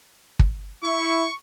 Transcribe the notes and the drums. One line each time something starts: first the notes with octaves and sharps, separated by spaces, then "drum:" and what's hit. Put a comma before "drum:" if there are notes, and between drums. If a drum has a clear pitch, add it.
drum: kick
E4 C#6